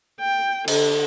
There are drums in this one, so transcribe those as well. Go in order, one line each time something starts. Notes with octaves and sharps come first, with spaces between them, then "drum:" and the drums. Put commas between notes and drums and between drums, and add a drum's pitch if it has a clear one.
G5
D3, drum: cymbal